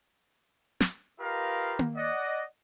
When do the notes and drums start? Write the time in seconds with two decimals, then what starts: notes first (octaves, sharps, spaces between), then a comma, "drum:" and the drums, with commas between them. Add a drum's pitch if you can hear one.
0.80 drum: snare
1.20 F4 G4 A#4 B4 D#5 F5
1.79 drum: tom A#3
1.95 D5 D#5 F#5